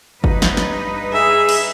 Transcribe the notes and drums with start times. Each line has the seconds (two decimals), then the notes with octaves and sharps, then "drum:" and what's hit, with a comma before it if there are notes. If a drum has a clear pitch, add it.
0.24 G2 D#4 B4, drum: kick G1
0.42 drum: snare
0.57 drum: snare
1.13 G#4 E5
1.49 drum: cymbal